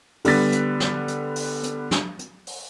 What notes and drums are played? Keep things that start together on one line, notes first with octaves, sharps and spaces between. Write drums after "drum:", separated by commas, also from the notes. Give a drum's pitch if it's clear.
D3 G3 B3 A6 B6, drum: open hi-hat
drum: hi-hat
drum: snare
drum: hi-hat
drum: open hi-hat
drum: hi-hat
drum: snare
drum: hi-hat
drum: open hi-hat